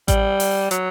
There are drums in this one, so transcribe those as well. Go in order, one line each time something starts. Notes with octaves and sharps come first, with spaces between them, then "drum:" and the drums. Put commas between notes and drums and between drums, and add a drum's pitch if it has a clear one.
G3, drum: kick A1, hi-hat
drum: open hi-hat
F#3, drum: hi-hat